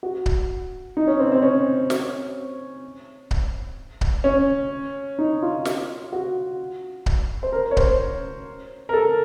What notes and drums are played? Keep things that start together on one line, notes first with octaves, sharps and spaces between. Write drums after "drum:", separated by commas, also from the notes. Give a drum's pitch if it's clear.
F#4
drum: kick C#1
D#4
C#4
C4
C4
C#4
drum: snare
drum: kick C#1
drum: kick C#1
C#4
D#4
F4
drum: snare
F#4
drum: kick C#1
C5
A#4
C#5
C5, drum: kick C#1
A#4
A4